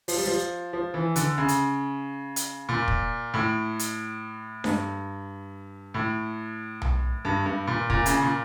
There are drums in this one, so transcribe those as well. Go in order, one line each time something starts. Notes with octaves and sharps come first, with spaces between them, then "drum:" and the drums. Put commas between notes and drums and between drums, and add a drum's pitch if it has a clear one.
F3, drum: open hi-hat
G3
F3
F3
E3
D3, drum: hi-hat
C#3
drum: hi-hat
drum: hi-hat
A#2
drum: kick
A2
drum: hi-hat
G2, drum: snare D4
A2
drum: tom B1
G2
G2
A#2
A#2, drum: kick
C#3, drum: hi-hat
A#2